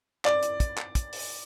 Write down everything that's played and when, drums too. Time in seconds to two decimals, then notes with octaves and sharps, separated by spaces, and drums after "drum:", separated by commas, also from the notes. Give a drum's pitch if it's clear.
0.25 D5, drum: clap
0.43 drum: hi-hat
0.60 drum: kick, hi-hat
0.78 drum: clap
0.95 drum: kick, hi-hat
1.13 drum: open hi-hat